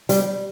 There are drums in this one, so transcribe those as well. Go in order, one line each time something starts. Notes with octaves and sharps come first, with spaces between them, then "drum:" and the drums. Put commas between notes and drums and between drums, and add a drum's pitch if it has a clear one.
G3, drum: hi-hat